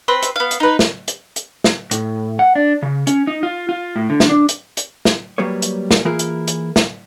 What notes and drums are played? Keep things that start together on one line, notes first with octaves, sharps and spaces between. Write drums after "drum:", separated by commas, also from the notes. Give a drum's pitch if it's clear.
C4 B4 C6
drum: hi-hat
B3 F5
drum: hi-hat
D#4 B4
drum: snare
drum: hi-hat
drum: hi-hat
drum: snare
A2, drum: hi-hat
F#5
D4
C#3
C#4, drum: hi-hat
D#4
F4
F4
A2
D3
drum: snare
D4
drum: hi-hat
drum: hi-hat
drum: snare
F#3 G3 A#3 B4 C#5
drum: hi-hat
drum: snare
E3 A#3 E4 F4 G#4 A#4
drum: hi-hat
drum: hi-hat
drum: snare